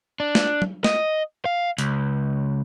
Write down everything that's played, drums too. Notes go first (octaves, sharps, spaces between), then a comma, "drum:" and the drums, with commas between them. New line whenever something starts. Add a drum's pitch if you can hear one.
D4
drum: snare
drum: tom
D#5, drum: snare
F5
C#2, drum: hi-hat